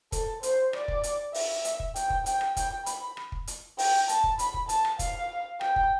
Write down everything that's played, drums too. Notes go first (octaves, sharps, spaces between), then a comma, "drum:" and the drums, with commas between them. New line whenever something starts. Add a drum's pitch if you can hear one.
A4, drum: kick, hi-hat
C5, drum: hi-hat
D5, drum: rim click
drum: kick
drum: hi-hat
E5, drum: open hi-hat
drum: hi-hat
drum: kick
G5, drum: hi-hat
drum: kick
G5, drum: hi-hat
drum: rim click
G5, drum: kick, hi-hat
B5, drum: hi-hat
drum: rim click
drum: kick
drum: hi-hat
G5, drum: open hi-hat
A5, drum: hi-hat
drum: kick
B5, drum: hi-hat
drum: kick
A5, drum: hi-hat
drum: rim click
F5, drum: kick, hi-hat
G5, drum: rim click
drum: kick